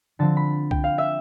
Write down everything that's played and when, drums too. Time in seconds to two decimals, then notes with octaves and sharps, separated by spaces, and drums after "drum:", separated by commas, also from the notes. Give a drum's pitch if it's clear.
0.19 D3 F3 C4 A5
0.37 B5
0.71 G5, drum: kick C2
0.84 F5
0.98 E5